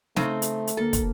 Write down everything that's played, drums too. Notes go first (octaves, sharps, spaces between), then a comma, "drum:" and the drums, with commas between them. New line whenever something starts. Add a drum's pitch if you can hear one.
C#3 A3 C4 D#4 G#5 A5, drum: snare
drum: hi-hat
drum: hi-hat
D2 A#3 A4 A#4
drum: kick, hi-hat